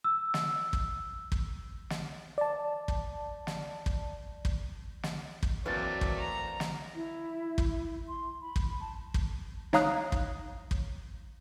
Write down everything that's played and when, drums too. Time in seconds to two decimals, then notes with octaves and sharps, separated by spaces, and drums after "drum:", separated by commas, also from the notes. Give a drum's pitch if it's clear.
0.04 E6
0.34 drum: snare
0.73 drum: kick
1.32 drum: kick
1.90 drum: snare
2.38 D5 A5
2.88 drum: kick
3.47 drum: snare
3.86 drum: kick
4.45 drum: kick
5.03 drum: snare
5.43 drum: kick
5.66 E3 F#3 A3 A#3 C4 B4 D5 A6
6.01 drum: kick
6.19 A#5
6.60 drum: snare
6.95 E4
7.58 drum: kick
8.08 C6
8.42 B5
8.56 drum: kick
8.80 A5
9.14 drum: kick
9.73 D#4 C#5 F5 A#5 D#6 F#6, drum: snare
10.12 drum: kick
10.71 drum: kick